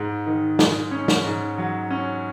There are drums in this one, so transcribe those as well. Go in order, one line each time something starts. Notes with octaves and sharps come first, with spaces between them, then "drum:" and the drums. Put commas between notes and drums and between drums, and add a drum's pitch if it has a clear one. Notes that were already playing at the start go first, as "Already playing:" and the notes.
Already playing: G#2
D#3
G#3, drum: snare
C#4
drum: snare
G#2
F#3
C#4